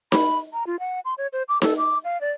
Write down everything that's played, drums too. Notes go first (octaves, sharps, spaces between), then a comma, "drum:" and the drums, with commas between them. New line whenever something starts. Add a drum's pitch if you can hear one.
B5, drum: snare D#4
A#5
F4
F#5
C6
C#5
C5
D6
A4, drum: snare D#4
D6
F5
D5